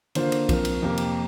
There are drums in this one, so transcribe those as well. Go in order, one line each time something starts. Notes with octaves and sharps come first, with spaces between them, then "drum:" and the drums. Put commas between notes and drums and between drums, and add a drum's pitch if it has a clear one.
D3 A#3 F4 C5, drum: cymbal
drum: cymbal
F3 C4 A#4, drum: kick B1, cymbal
drum: cymbal
F2 C3 A#3 G4 A#4
drum: cymbal